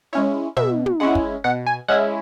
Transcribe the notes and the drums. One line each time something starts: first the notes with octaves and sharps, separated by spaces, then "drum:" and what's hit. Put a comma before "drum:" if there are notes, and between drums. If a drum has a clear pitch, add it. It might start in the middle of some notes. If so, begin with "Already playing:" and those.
G#3 C#4 E4 C#5
B2 E5, drum: tom
drum: tom
G#3 C#4 E4 F#5
drum: kick
B2 F#5
G#5
G#3 C#4 E4 F#5